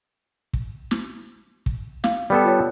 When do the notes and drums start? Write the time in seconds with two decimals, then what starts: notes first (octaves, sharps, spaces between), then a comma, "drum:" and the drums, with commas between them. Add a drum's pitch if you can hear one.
0.53 drum: kick
0.91 drum: snare
1.66 drum: kick
2.04 F5, drum: snare
2.30 G3 B3 A4
2.44 F4 C#5